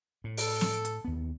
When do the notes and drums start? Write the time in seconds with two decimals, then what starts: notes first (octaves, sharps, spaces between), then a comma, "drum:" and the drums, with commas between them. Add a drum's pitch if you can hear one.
0.24 A2
0.37 A4, drum: open hi-hat
0.61 drum: snare
0.85 drum: hi-hat
1.05 D#2 B3